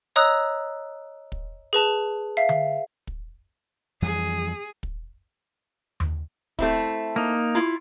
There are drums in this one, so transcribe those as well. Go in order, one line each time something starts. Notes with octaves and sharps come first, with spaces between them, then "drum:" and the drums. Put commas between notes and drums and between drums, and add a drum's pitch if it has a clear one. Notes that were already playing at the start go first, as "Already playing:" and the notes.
C#5 D#5 A#5 D#6 E6 F#6
drum: kick
G#4 B4 A5 F7
E5 F5
drum: tom D3
drum: kick
F2 E3 G3 G#4
drum: kick
drum: tom D#2
A3 C4 E4, drum: kick
A#3 D#4
E4 F4